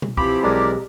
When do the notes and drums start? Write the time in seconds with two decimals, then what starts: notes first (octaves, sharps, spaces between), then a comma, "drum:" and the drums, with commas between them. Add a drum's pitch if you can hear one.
0.02 drum: tom B2
0.17 E3 F3 C4 G4 B5, drum: kick
0.43 B1 G#3 A#4 D5